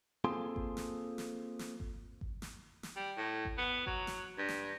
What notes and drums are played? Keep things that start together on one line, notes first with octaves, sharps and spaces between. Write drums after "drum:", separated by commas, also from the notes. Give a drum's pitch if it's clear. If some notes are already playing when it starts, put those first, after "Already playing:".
A#3 C4 F4 G#4 A4 C6
drum: kick G#1
drum: snare
drum: snare
drum: snare
drum: kick G#1
drum: kick G#1
drum: snare
drum: snare
G3
A2
drum: kick G#1
B3
F#3, drum: kick G#1
drum: snare
G2
drum: snare